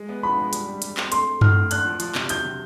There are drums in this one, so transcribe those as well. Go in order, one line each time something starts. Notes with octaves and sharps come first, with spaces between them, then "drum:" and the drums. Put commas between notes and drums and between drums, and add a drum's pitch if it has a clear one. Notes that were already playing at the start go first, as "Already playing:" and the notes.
Already playing: G#3
B3
F3 B5
G#3
G3, drum: hi-hat
G3
G3, drum: hi-hat
C4, drum: clap
A3 C6, drum: hi-hat
A3
A2 F6, drum: tom G2
A2
D4 F#6, drum: hi-hat
F3
F3, drum: hi-hat
C3, drum: clap
F#3 G6, drum: hi-hat
C3